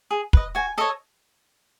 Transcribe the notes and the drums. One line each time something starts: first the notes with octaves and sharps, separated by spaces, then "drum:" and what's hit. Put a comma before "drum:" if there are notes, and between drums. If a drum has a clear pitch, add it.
G#4
B4 D#5, drum: kick
F#4 G#5
A4 C#5 D#5